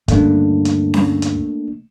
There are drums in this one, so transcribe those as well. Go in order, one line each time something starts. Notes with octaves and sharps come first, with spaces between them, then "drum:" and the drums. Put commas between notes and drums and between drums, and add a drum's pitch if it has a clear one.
D2 G2 C#3 A3 A#3 D4, drum: kick, hi-hat
drum: hi-hat
drum: snare C#4
drum: hi-hat